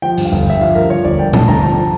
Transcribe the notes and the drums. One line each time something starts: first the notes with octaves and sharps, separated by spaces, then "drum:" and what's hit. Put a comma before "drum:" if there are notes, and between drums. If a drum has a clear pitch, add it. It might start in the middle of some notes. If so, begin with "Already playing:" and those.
F3 G5
G2, drum: hi-hat
F5
G1
G2 E5
F3 F5
G2 A#4
F3 C#5
G1 D5
G2 G5
A3 A5, drum: tom A#2
G1 A#5
F3 A5